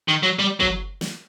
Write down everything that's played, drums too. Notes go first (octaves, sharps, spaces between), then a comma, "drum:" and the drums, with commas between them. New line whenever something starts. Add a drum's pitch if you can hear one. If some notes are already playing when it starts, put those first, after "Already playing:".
D#3
F#3
G3
F#3, drum: kick
drum: snare